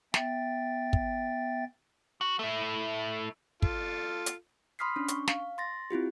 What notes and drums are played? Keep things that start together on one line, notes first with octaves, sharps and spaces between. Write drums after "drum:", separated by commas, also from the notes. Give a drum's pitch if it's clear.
B3 E5 G5 A6, drum: snare
drum: kick
F#4
A3 E4
F4 A4, drum: kick
drum: hi-hat
B5 C6 D#6 F6 B6 C7
C#4 D4
C#6, drum: hi-hat
F5, drum: snare
C6 A6 A#6
C4 E4 F4 G4